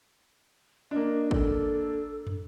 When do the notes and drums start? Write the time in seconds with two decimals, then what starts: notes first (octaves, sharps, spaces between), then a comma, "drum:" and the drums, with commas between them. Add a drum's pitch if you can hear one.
0.91 A#3 D4 D#5
1.31 A4, drum: kick
2.27 drum: tom